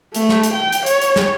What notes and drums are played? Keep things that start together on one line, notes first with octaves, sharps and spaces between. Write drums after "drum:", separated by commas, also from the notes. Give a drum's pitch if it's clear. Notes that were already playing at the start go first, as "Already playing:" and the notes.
A3, drum: hi-hat
drum: snare
drum: hi-hat
G5
drum: hi-hat
C#5, drum: hi-hat
drum: hi-hat
drum: snare